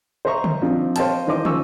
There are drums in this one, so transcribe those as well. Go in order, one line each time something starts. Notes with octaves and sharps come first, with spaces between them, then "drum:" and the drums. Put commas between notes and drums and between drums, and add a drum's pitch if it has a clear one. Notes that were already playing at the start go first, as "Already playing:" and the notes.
C5 D#5 E5 A#5 C#6
drum: tom D3
F3 C4 D4 D#4 F4
C5 C#5 D#5 F5 G5 A5, drum: hi-hat
D#3 E3 C5 D#5 D6
F3 C#4 G#5 C#6 E6, drum: tom